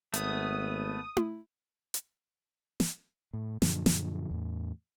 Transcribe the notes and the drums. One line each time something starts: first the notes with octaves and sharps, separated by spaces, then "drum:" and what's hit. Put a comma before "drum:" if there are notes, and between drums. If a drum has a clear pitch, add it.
G#1 A3 B3 D#6, drum: hi-hat
drum: tom E4
drum: hi-hat
drum: snare
A2
F#2 A#2 D3 F3, drum: snare
drum: snare
E2 A2